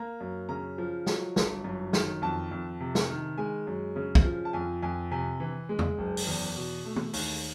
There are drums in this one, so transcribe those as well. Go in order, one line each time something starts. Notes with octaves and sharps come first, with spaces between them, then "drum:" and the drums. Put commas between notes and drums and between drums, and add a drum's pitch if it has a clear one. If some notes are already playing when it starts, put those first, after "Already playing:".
Already playing: A#3 A#5
F#2
C#3 A#5
F3
F#3, drum: snare
G1, drum: snare
F#2
D#3, drum: snare
F2 A5
F2
C3
drum: snare
D#3
G#3 G#5
F#2
C#3
drum: kick
F3
A5
F2 G#5
F2 G#5
C3 G#5
E3
G#3
drum: tom E2
F#1
drum: open hi-hat
E2
B2
A3
drum: tom
D#2, drum: open hi-hat